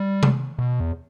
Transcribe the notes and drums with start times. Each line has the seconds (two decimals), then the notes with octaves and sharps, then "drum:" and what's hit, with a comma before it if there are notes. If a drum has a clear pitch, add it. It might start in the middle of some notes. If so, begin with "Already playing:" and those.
Already playing: G3
0.23 drum: tom C3
0.59 B2
0.80 E2